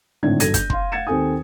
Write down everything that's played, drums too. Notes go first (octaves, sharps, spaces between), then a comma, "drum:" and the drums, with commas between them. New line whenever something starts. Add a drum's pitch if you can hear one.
G#1 A2 D3 C4 D4 G#6
G1 F#3 A4 G#6 A#6 D#7, drum: hi-hat
G6, drum: kick, hi-hat
F5 C6, drum: kick
F5 F#5 G#6 A6 C#7 E7
D#2 C4 A4 G#5 D#6